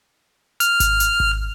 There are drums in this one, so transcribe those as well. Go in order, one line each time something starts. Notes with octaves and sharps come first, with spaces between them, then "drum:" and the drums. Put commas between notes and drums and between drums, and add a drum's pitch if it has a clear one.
F6, drum: hi-hat
drum: kick G#1, hi-hat
drum: hi-hat
drum: kick G#1